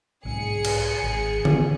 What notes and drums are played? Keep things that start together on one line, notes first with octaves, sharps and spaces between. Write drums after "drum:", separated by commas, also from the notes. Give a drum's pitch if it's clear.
B1 G#2 G#4 C#7
drum: cymbal
G#1
E3, drum: tom D3